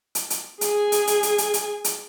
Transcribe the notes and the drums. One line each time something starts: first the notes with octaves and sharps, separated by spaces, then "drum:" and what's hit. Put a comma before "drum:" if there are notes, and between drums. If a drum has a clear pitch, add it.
drum: hi-hat
drum: hi-hat
G#4 G#5, drum: hi-hat
drum: hi-hat
drum: hi-hat
drum: hi-hat
drum: hi-hat
drum: hi-hat
drum: hi-hat